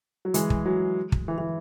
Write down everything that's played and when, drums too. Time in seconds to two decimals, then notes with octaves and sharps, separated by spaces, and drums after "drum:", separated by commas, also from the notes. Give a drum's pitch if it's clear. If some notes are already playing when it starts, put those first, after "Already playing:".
0.25 F#3
0.34 E3 G#3, drum: hi-hat
0.50 drum: kick
0.66 F#3
1.12 drum: kick
1.28 E3
1.38 E3